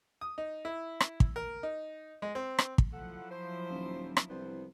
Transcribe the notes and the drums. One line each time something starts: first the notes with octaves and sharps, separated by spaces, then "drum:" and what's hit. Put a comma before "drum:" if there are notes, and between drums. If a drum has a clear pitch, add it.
D#6
D#4
E4
drum: rim click
drum: kick
A#4
D#4
G#3
C4
drum: rim click
drum: kick
F3 F#3 E4 A4 F#5
C5
D#1
drum: rim click
C2 B3 D4 C5